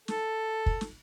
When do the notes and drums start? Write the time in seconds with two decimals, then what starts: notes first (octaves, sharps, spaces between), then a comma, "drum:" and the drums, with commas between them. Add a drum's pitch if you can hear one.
0.08 A4, drum: snare
0.66 drum: kick
0.81 drum: snare